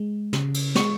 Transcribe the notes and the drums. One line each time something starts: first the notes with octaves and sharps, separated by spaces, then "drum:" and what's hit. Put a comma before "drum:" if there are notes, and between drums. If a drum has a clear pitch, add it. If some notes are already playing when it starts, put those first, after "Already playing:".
Already playing: G#3
C#3, drum: snare
drum: cymbal
G#3 C#6, drum: snare